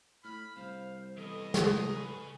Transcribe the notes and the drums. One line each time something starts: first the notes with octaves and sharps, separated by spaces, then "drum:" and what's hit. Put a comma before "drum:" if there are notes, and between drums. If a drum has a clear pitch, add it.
A2 B5 F6
C2 C5 F5
E3 B3 A4 D#5
A4 A#4, drum: snare
C#3 B4 G#5